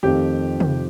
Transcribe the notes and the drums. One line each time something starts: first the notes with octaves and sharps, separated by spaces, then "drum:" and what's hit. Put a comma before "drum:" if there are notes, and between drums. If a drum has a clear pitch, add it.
F2 D#3 A3 C4 F4 G4
drum: tom